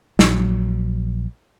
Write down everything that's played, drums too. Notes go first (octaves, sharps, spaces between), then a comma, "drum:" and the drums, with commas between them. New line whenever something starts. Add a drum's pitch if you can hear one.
A#1 F#3, drum: snare